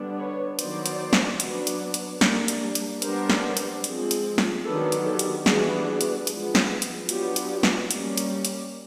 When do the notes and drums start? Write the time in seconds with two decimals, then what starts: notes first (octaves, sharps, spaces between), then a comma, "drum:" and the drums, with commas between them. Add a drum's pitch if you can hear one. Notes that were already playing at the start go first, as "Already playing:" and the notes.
Already playing: D3 G3 B3 D4
0.18 B4 C#5
0.59 D#3 F#3 B3 C5 D5, drum: hi-hat
0.86 drum: hi-hat
1.13 drum: snare
1.40 F#3 B3 D4, drum: hi-hat
1.67 drum: hi-hat
1.94 drum: hi-hat
2.21 G3 A#3 D4, drum: snare
2.48 drum: hi-hat
2.75 drum: hi-hat
3.02 G3 B3 D4 A#4 C5, drum: hi-hat
3.30 drum: snare
3.57 drum: hi-hat
3.84 F3 G#3 C4, drum: hi-hat
4.11 drum: hi-hat
4.38 drum: snare
4.65 D#3 F#3 B3 D4 A4 B4
4.92 drum: hi-hat
5.06 G4 A4
5.19 drum: hi-hat
5.46 E3 G3 B3 D4 F#4 G#4, drum: snare
6.01 drum: hi-hat
6.27 F3 G#3 B3, drum: hi-hat
6.55 drum: snare
6.82 drum: hi-hat
7.09 F#3 B3 D4 F4 G4, drum: hi-hat
7.36 drum: hi-hat
7.63 drum: snare
7.91 G3 A#3 C#4, drum: hi-hat
8.18 drum: hi-hat
8.45 drum: hi-hat